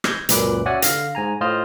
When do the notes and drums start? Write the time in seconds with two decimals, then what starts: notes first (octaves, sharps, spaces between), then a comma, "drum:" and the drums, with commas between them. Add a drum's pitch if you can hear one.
0.04 G6 G#6 A#6, drum: rim click
0.29 C#2 F#2 A#2 B4 D6 F#6, drum: hi-hat
0.66 C#4 F#4 D5 E5 F#5 G#5
0.82 D3 F5 A#6, drum: hi-hat
1.15 G#2 G#5 A#5
1.41 A2 F4 C5 D#5 F6